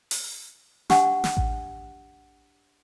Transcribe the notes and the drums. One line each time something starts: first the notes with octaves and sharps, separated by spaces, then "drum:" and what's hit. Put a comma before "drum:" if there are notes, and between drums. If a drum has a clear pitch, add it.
drum: open hi-hat
D4 G4 F#5 G#5, drum: snare
drum: snare
drum: kick A1